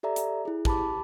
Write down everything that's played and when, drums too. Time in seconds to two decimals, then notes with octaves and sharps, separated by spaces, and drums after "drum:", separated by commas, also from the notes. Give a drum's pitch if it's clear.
0.03 G4 A4 D5 E5 A#5
0.16 drum: hi-hat
0.45 E4 G#4
0.65 G4 A5 B5 D6, drum: kick